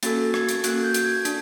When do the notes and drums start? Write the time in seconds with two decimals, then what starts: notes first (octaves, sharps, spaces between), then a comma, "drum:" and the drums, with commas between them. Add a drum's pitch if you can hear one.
0.03 A#3 C#4 F#4 A4 A6, drum: hi-hat
0.25 A6
0.34 G#6, drum: rim click
0.49 drum: hi-hat
0.64 A#3 C#4 F#4 A4 F#6, drum: hi-hat
0.84 G6
0.94 drum: hi-hat
1.05 G#6
1.25 D4, drum: hi-hat